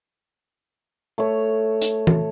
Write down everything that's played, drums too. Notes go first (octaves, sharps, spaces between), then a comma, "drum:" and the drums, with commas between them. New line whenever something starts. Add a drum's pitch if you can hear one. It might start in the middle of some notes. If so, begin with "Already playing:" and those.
A3 C#5
drum: hi-hat
drum: tom E3